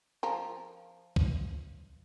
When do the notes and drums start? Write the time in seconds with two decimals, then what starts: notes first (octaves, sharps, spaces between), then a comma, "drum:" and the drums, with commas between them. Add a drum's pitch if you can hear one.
0.23 F3 A#4
1.16 drum: kick C2